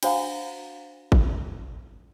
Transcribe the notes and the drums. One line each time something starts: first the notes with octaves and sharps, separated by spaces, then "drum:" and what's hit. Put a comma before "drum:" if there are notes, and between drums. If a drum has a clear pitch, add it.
D4 F#4 C5 F5 F#5 A#5, drum: cymbal
drum: kick G#1